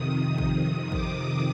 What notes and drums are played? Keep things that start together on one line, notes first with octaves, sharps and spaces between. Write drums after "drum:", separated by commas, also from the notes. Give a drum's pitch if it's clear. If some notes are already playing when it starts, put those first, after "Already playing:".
Already playing: F2 C3 D#3 D#6
D#6, drum: kick A1
D6, drum: kick A1